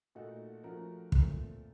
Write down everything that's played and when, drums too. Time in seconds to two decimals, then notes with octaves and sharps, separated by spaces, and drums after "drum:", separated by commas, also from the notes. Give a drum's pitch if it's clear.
0.15 A#2 A3 D#4 F#4 A4
0.63 F3 A3 C#4 F#4 A#4
1.12 A#2 A3 C4, drum: kick